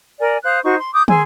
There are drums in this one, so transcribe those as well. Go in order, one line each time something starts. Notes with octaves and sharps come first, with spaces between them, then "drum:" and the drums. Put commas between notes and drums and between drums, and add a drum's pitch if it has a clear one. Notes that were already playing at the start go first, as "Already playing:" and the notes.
A#4 D5 G#5
C5 F5 D#6 F#6
D#4 F#4 C5 C#6
C6
D6 D#6 G6
G#4 G#5 C6 E6, drum: tom